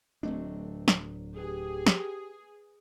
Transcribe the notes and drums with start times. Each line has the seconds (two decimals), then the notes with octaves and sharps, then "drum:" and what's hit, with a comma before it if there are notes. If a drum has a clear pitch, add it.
0.23 D1 F#3 A3 C4 D4 D#5
0.88 drum: snare
1.37 G4 G#4 B4 G#5
1.86 drum: snare